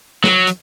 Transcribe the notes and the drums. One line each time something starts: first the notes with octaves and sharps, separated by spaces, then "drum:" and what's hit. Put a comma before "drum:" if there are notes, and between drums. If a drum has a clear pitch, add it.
F#3, drum: snare
drum: hi-hat